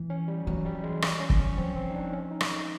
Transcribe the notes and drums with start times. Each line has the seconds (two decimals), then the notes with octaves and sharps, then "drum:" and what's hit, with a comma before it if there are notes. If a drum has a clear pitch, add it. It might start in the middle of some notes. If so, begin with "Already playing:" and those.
Already playing: E3
0.10 C#4
0.28 G3
0.46 E3 F#3
0.65 G3
0.83 G#3
1.02 G3, drum: rim click
1.20 C#4
1.30 drum: kick
1.39 C#4
1.57 F3 C4
1.76 C4
1.90 D#4
1.95 D4
2.13 C#4
2.31 D#4
2.41 drum: rim click